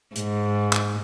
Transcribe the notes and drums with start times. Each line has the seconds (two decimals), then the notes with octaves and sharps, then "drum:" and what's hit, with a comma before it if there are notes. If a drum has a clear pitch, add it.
0.16 G#2, drum: hi-hat
0.73 drum: clap